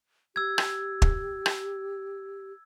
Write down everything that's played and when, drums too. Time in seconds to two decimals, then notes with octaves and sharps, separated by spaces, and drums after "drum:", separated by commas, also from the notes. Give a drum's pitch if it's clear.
0.36 G4 E6 G#6
0.58 drum: rim click
1.02 drum: kick
1.46 drum: rim click